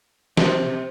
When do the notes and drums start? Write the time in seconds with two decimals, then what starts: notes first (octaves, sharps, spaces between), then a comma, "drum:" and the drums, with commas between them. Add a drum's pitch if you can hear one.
0.37 C3, drum: snare